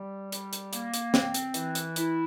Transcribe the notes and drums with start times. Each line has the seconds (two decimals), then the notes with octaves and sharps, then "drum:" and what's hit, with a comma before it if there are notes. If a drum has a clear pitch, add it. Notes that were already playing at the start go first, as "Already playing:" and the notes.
Already playing: G3
0.32 G3, drum: hi-hat
0.53 drum: hi-hat
0.73 A#3, drum: hi-hat
0.94 drum: hi-hat
1.14 C4, drum: snare
1.34 drum: hi-hat
1.54 E3, drum: hi-hat
1.75 drum: hi-hat
1.96 E4, drum: hi-hat